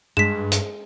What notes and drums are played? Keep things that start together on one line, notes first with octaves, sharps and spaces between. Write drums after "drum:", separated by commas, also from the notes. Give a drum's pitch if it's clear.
G2 G#3 B6 E7
drum: hi-hat